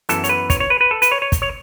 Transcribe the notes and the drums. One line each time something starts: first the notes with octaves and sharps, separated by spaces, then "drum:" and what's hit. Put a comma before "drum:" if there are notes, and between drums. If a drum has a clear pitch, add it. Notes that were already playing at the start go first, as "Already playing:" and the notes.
F#2 E3 B3 A4, drum: hi-hat
C#5, drum: hi-hat
B4
C#5, drum: kick, hi-hat
C#5
B4
B4
A4
B4, drum: hi-hat
C#5
C#5
drum: kick, hi-hat
C#5